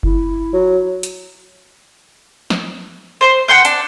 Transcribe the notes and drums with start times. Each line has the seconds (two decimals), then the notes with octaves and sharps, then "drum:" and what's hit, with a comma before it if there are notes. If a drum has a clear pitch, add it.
0.03 E4, drum: kick F#1
0.54 F#3
1.03 drum: hi-hat
2.50 drum: snare
3.21 C5 C6
3.48 F#5 G5 C6 G6
3.65 D4, drum: hi-hat